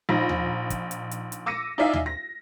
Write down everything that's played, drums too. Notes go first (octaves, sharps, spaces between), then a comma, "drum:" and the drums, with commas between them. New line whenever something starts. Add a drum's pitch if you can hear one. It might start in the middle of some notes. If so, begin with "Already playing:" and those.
A#1 D#4 B5 A#6
drum: tom D#2
drum: kick, hi-hat
drum: hi-hat
drum: hi-hat
drum: hi-hat
D6 E6 A#6 C#7 D#7
D#4 E4 D5 E5 F5 G#5
drum: tom D#2
A#6